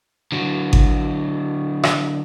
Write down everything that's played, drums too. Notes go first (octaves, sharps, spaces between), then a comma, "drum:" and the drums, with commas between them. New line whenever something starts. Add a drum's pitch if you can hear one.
D3 F#3
drum: kick G#1
drum: rim click